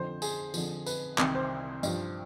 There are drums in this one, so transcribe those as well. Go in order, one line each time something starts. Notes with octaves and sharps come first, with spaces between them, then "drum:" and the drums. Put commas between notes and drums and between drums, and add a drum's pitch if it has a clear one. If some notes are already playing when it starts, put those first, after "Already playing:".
Already playing: F2 D3 F3 C5
G#4, drum: tambourine
F2 D3 F3, drum: tambourine
B4, drum: tambourine
C2 C3 D#3, drum: clap
C5
G2 F3, drum: tambourine